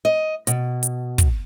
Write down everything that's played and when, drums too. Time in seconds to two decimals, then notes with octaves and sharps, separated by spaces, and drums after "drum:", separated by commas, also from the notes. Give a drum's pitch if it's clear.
0.05 D#5
0.47 B2, drum: hi-hat
0.83 drum: hi-hat
1.18 drum: kick, hi-hat